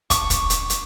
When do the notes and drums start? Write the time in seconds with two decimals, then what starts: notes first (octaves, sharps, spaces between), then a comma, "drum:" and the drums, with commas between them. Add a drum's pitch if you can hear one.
0.10 C#6 D6, drum: kick, hi-hat
0.30 drum: kick, hi-hat
0.50 drum: hi-hat
0.70 drum: hi-hat